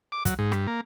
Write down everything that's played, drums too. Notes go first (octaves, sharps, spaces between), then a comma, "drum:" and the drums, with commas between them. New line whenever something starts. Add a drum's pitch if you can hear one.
D6
F#3, drum: kick, hi-hat
G#2
G2, drum: rim click
A#3